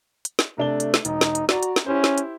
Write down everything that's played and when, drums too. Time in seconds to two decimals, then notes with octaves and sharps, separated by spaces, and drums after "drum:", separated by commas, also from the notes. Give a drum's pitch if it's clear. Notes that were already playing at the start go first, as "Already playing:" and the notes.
0.25 drum: hi-hat
0.39 drum: snare
0.58 C3 A3 D4 G7
0.80 drum: hi-hat
0.94 drum: snare
1.05 E1 D#4, drum: hi-hat
1.21 drum: snare
1.35 drum: hi-hat
1.49 F#4 D5 A#5, drum: snare
1.63 drum: hi-hat
1.76 drum: snare
1.86 C#4 E4 G4 C5
2.04 drum: snare
2.18 drum: hi-hat